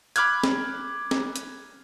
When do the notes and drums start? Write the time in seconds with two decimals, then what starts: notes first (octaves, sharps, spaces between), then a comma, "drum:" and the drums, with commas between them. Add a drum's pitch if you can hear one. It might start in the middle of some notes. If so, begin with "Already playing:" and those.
0.16 B5 D6 F6 F#6 G#6, drum: hi-hat
0.44 drum: snare
1.11 drum: snare
1.36 drum: hi-hat